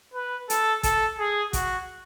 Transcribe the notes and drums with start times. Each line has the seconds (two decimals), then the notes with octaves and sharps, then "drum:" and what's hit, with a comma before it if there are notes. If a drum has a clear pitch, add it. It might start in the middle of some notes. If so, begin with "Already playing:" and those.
0.14 B4
0.50 A4, drum: hi-hat
0.83 A4, drum: kick A1, hi-hat
1.18 G#4
1.53 F#4, drum: kick A1, hi-hat